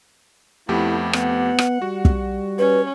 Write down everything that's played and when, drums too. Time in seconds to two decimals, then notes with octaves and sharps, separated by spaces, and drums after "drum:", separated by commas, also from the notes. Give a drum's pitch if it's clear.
0.69 F2 A3 B3 E4 G4
1.13 B3 F#5, drum: rim click
1.58 drum: rim click
1.82 G3 F#4
2.05 drum: kick
2.59 C#4 B4